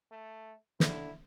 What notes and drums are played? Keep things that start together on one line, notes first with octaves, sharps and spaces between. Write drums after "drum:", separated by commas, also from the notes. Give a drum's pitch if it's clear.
A3
D3 E4, drum: snare